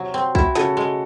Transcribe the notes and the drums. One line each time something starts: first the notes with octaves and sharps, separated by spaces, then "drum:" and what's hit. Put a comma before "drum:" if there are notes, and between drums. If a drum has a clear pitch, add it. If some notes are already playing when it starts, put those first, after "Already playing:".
Already playing: C3 F#3 F#4
C4
E4 F#4, drum: kick
C#3 F#4 A4, drum: snare
G#3